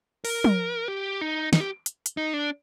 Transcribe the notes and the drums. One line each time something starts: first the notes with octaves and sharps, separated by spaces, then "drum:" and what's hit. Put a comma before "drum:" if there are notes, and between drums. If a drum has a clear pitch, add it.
A#4, drum: open hi-hat
drum: tom
G4
D#4
D#4, drum: snare
G4
drum: hi-hat
drum: hi-hat
D#4
D4